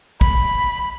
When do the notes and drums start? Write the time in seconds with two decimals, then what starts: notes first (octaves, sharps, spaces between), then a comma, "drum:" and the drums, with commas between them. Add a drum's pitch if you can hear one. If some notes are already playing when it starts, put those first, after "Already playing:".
0.21 B5, drum: kick